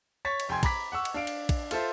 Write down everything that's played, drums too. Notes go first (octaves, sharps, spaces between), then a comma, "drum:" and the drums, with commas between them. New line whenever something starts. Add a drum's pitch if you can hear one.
C#5 C#6 A6 B6
drum: cymbal
F1 G5 G#5 C6 G#6
A#5 B5 D6 B6, drum: kick, cymbal
F#5 C#6 E6
drum: cymbal
D4 F5 D7
drum: cymbal
drum: kick, cymbal
F4 A4 C5 E5, drum: cymbal